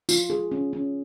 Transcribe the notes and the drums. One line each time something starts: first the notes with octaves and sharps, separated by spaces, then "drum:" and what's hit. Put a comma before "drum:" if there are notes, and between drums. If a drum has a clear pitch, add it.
F4, drum: tambourine
G#4
C#4
C#4